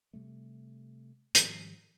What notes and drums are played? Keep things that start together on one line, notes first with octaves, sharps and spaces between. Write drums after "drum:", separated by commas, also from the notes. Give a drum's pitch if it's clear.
C3 G3 A3
G#2 D#3 F3 G3, drum: hi-hat